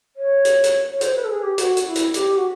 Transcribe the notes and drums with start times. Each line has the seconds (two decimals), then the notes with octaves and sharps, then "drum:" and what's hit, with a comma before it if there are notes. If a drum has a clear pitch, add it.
0.17 C#5
0.45 drum: hi-hat
0.64 drum: hi-hat
0.91 C#5
1.01 C5, drum: hi-hat
1.16 B4
1.24 A4
1.30 G#4
1.43 G4
1.58 F#4, drum: hi-hat
1.77 drum: hi-hat
1.86 E4
1.95 drum: hi-hat
2.14 G4, drum: hi-hat
2.37 F#4